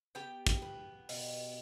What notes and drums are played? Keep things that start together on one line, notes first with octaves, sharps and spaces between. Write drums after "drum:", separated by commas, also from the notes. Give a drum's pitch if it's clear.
B3 G4 G5
drum: kick, hi-hat
B3
B2, drum: open hi-hat